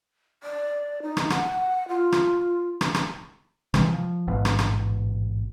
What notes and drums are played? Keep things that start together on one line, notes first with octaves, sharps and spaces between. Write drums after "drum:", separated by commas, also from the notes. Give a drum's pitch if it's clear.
D5
D#4
drum: rim click
F#5, drum: rim click
F4
drum: rim click
drum: rim click
drum: rim click
C3 E3 G3 G#3, drum: rim click
F3
A1 G#2 B2
drum: rim click
drum: rim click